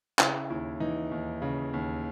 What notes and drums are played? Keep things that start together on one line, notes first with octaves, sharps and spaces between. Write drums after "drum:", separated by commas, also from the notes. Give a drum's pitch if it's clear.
C#3 E4, drum: clap
D#2 E4
E3 D#4
D#2
C#3
D#2